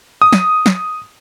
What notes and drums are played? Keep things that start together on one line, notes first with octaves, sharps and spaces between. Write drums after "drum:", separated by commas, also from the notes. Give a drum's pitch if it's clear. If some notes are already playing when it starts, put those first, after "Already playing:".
D#6
drum: snare
drum: snare